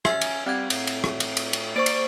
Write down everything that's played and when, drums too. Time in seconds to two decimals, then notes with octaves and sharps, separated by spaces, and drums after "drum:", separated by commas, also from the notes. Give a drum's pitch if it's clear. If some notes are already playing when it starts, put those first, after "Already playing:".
0.05 C#4 E5 G#5 E6, drum: rim click
0.21 drum: cymbal
0.46 G3 C4 F#5 G#6
0.70 A2, drum: cymbal
0.87 drum: cymbal
1.04 drum: rim click
1.20 drum: cymbal
1.37 drum: cymbal
1.53 drum: cymbal
1.76 A#3 C5 D5 C#6
1.86 drum: cymbal